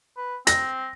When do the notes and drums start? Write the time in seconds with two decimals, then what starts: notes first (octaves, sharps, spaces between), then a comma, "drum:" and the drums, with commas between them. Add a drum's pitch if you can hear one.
0.17 B4
0.47 C4 A#6, drum: hi-hat